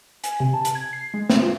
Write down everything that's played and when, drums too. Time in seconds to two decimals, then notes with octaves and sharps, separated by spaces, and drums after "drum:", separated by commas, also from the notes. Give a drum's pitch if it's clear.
0.24 G#5, drum: hi-hat
0.40 C3
0.54 A5
0.65 drum: hi-hat
0.75 G#6
0.93 C7
1.14 G#3
1.30 C4, drum: snare
1.43 F4